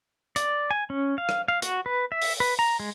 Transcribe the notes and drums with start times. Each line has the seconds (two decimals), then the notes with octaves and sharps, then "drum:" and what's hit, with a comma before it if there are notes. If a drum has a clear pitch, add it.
0.36 D5, drum: hi-hat
0.71 G#5
0.90 C#4
1.18 F5
1.29 drum: rim click
1.48 F5
1.62 F#4, drum: hi-hat
1.86 B4
2.12 E5
2.22 drum: open hi-hat
2.40 B4
2.59 A#5
2.80 G#3